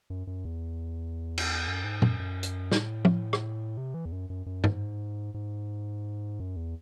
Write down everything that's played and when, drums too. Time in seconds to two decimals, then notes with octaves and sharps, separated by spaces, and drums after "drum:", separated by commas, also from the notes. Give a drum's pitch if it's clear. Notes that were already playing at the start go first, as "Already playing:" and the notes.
0.10 F#2
0.27 F#2
0.45 E2
1.38 drum: cymbal
1.68 F#2
1.84 G#2
2.02 F#2, drum: tom
2.19 F#2
2.43 drum: hi-hat
2.72 A2, drum: snare
3.05 drum: tom
3.33 drum: rim click
3.77 C3
3.94 E3
4.05 E2
4.12 F#2
4.30 F#2
4.46 F#2
4.64 G#2, drum: tom
5.34 G#2
6.40 F#2
6.56 E2